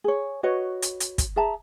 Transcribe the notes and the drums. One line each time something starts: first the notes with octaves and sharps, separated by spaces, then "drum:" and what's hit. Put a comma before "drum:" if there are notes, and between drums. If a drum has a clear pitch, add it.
G#4 C#5
F#4 B4 C#5 D#5
drum: hi-hat
drum: hi-hat
drum: kick, hi-hat
G#4 E5 A5 A#5